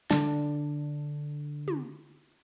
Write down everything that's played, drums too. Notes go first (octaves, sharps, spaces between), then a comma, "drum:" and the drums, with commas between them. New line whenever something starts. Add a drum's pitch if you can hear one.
D3 D4, drum: snare
drum: tom